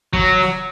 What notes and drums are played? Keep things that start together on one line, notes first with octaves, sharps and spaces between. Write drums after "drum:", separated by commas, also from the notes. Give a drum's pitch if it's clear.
F#3, drum: kick
drum: snare